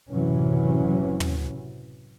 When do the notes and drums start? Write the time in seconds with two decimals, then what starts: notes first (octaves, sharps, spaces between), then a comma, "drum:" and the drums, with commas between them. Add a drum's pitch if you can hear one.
0.12 F#1 A2 C3 E3 F#3 C#4
1.20 drum: tom